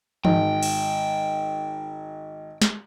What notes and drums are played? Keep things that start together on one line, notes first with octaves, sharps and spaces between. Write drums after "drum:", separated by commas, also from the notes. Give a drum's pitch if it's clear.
G#1 G5, drum: tom E3
drum: cymbal
drum: snare